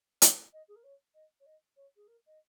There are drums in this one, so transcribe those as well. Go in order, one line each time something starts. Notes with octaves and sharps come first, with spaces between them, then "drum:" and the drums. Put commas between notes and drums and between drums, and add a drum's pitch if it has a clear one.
C#5, drum: hi-hat
D#5
G#4
A#4
C#5
D#5
C#5
D#5
C#5
G#4
A#4
D#5